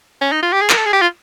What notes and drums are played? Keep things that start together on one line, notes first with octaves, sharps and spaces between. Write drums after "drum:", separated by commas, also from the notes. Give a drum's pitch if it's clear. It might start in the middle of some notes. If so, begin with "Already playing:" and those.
C#4
D#4
F4
G4
G#4
A#4, drum: clap
A4
G#4
G4
F4